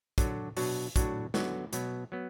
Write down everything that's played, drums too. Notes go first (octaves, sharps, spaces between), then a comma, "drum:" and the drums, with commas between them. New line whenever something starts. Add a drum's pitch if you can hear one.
D3 F#3 D4 F#4, drum: kick, hi-hat
B2 F#3 D4 F#4, drum: open hi-hat
A2 F#3 D4 F#4, drum: kick, hi-hat
D3 F#3 B3 F#4, drum: snare
B2 F#3 B3, drum: hi-hat
F#3 B3